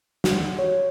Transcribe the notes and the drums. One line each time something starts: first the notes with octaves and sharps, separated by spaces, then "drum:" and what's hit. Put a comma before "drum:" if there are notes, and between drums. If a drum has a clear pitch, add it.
F#4, drum: snare
C#5